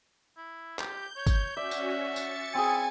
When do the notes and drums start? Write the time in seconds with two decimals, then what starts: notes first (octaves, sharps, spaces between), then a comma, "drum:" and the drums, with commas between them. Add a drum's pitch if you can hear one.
0.37 E4
0.79 G4 G6, drum: clap
1.16 C#5
1.27 drum: kick, tambourine
1.57 C#4 F#4 D5 E5
1.71 drum: tambourine
2.00 A6 C#7
2.16 drum: tambourine
2.54 C4 E4 G#4 G#5